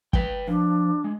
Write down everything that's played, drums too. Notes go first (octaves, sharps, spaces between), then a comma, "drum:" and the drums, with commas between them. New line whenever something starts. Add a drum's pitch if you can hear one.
B4 G5, drum: kick G1
F3 D4
G#3